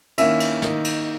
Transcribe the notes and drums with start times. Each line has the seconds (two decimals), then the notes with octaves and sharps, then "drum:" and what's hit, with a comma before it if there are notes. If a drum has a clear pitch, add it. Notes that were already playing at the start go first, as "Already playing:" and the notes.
0.18 D#3 A#3 C#4 E4 E5, drum: cymbal
0.40 drum: cymbal
0.62 D#3 A#3 D#4, drum: snare
0.84 drum: cymbal